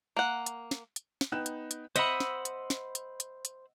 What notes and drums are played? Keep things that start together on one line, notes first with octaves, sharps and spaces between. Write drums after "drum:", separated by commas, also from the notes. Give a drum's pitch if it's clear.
A#3 F#5
drum: hi-hat
drum: snare
drum: hi-hat
drum: snare
B3 D#4 G5 F#6 E7
drum: hi-hat
drum: hi-hat
C5 D#5 E5 F#5 B5, drum: hi-hat
drum: snare
drum: hi-hat
drum: snare
drum: hi-hat
drum: hi-hat
drum: hi-hat